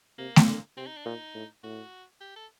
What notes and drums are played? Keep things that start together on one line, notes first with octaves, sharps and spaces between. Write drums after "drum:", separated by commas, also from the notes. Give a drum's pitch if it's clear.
C3 A#3
drum: snare A3
D3
C3 C4
D#4
D4
A#2 D#4
A2
A2 F#4
G4
A4